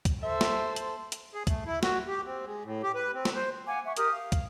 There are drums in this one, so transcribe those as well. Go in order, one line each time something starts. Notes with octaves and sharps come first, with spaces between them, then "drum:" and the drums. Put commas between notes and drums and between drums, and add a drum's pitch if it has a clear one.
drum: kick, hi-hat
A4 C5 E5
drum: snare
drum: hi-hat
drum: hi-hat
G#4
A3, drum: kick, hi-hat
E4
F#4, drum: snare
G4
C4
G#3
A2
G4
B4
C4
drum: snare
C5
F5 F#5 G#5 D6
E5 F#5 C#6
G4 A#4 D#6 F6, drum: hi-hat
F5
drum: kick, hi-hat